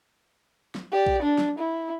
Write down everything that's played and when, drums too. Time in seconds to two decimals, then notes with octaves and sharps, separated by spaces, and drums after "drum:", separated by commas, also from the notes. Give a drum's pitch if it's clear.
0.75 drum: snare
0.92 G4 D5
1.06 drum: kick A#1
1.22 D4
1.38 drum: snare
1.58 E4